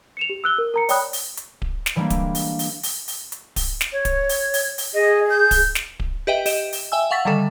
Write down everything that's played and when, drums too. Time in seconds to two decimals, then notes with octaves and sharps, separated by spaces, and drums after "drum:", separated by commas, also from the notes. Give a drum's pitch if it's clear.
0.17 C#7 E7 F7
0.29 G4
0.44 E6 F#6 G7
0.58 A#4
0.74 A#4 A#5 C#7
0.89 C#5 D5 G5 B5 D#6 F#6, drum: open hi-hat
1.13 drum: open hi-hat
1.37 drum: hi-hat
1.62 drum: kick D1
1.86 drum: snare
1.96 E3 G3 G#3 A#3 D4
2.10 drum: kick D1, hi-hat
2.35 drum: open hi-hat
2.59 drum: open hi-hat
2.83 drum: open hi-hat
3.08 drum: open hi-hat
3.32 drum: hi-hat
3.56 drum: kick D1, open hi-hat
3.81 drum: snare
3.92 C#5
4.05 drum: kick D1, hi-hat
4.29 drum: open hi-hat
4.54 drum: open hi-hat
4.78 drum: open hi-hat
4.94 G#4 D#5
5.30 G6
5.51 drum: kick D1, open hi-hat
5.75 drum: snare
6.00 drum: kick D1
6.27 G4 B4 D#5 E5 G5
6.46 G4 D#5 E7, drum: open hi-hat
6.73 drum: open hi-hat
6.92 E5 G5 G#5 E6
7.11 F5 F#5 C#6 A6 B6
7.25 D3 D#3 G3 A4